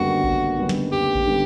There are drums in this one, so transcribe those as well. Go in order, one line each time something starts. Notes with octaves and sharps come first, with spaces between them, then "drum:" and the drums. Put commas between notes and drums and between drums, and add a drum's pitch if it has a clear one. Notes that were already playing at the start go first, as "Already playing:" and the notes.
Already playing: F#1 F#2 D3 G3 B3 F#4
F#1, drum: kick A1
F#2 D3 G3 B3
drum: snare
F#1 G4
drum: kick A1
D3 G3 B3